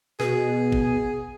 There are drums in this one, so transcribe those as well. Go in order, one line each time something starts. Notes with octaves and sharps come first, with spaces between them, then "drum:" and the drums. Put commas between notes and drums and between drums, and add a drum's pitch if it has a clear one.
B2 G#4, drum: snare
drum: kick G1